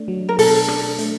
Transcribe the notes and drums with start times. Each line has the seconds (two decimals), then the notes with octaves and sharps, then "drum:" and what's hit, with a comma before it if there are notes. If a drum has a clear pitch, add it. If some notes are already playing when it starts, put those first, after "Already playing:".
Already playing: A3 D4
0.08 F#3
0.29 A#4
0.39 B2 A4, drum: open hi-hat
0.68 D4, drum: rim click
0.98 A3, drum: hi-hat